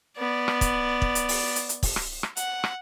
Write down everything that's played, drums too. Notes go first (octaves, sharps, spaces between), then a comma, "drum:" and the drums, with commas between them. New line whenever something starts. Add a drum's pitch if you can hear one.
B3 D5
drum: rim click
drum: kick, hi-hat
drum: kick
drum: hi-hat
drum: open hi-hat
drum: hi-hat
drum: hi-hat
drum: kick, open hi-hat
drum: rim click
drum: rim click
F#5, drum: hi-hat
drum: rim click